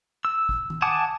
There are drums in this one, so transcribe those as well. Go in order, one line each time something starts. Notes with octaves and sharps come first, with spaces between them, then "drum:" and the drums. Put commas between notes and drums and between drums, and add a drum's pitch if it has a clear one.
E6
drum: kick
drum: tom D#3
F#5 G#5 A5 D6 D#6